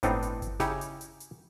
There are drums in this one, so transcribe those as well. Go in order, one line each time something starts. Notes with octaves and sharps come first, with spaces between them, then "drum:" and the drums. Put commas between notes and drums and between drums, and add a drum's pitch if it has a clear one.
A2 B3 C4 D4 D#4, drum: kick G1, hi-hat
drum: hi-hat
drum: kick G1, hi-hat
C#3 D#4 E4 G4 C#5, drum: snare
drum: hi-hat
drum: hi-hat
drum: hi-hat